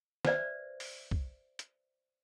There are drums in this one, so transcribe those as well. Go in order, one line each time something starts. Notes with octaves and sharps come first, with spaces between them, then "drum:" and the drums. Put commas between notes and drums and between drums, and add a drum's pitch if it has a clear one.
B4 C5 D5 E5, drum: snare
drum: open hi-hat
drum: kick
drum: hi-hat